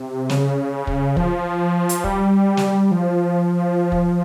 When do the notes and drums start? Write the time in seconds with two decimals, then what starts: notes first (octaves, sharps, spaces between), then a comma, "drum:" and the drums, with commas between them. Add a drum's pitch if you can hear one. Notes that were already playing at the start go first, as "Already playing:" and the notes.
Already playing: C3
0.29 C#3, drum: snare
0.87 drum: kick
1.17 F3, drum: kick
1.89 drum: hi-hat
2.04 G3, drum: kick
2.57 drum: snare
2.91 F3
3.92 drum: kick